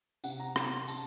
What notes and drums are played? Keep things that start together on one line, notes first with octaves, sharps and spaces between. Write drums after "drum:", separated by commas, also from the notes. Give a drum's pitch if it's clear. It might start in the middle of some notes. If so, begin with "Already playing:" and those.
C3 F#5, drum: tambourine
A#5
C3 A#5, drum: rim click
C6
C#3 A5, drum: tambourine